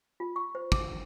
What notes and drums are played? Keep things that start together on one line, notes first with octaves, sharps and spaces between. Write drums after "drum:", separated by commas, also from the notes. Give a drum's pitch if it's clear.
F4
C#6
C5
D6, drum: kick